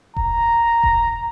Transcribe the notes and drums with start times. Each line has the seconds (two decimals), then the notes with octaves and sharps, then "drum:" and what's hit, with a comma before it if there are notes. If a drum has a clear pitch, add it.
0.17 A#5, drum: kick E1
0.83 drum: kick E1